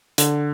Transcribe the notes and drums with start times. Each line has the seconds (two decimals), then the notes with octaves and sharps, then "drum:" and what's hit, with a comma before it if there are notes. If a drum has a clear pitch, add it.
0.18 D3, drum: hi-hat